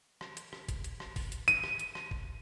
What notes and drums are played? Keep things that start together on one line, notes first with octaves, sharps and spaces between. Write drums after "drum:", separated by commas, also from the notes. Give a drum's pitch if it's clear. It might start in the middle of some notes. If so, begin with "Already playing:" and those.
drum: rim click
drum: hi-hat
drum: rim click
drum: kick, hi-hat
drum: hi-hat
drum: rim click
drum: kick, open hi-hat
drum: hi-hat
D#7, drum: hi-hat
drum: rim click
drum: hi-hat
drum: rim click
drum: kick